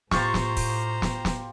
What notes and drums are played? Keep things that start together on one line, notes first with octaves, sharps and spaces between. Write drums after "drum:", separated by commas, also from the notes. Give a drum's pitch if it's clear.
A2 F4 G4 C5 A#5 C#6, drum: snare
drum: snare
drum: kick, open hi-hat
drum: snare
drum: snare